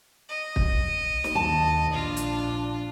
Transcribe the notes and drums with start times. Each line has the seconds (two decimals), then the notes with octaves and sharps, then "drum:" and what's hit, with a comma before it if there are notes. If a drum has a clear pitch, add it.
0.29 D#5
0.56 drum: kick
1.24 drum: snare
1.35 D#2 A5
1.93 A#1 D4 F4
2.17 drum: hi-hat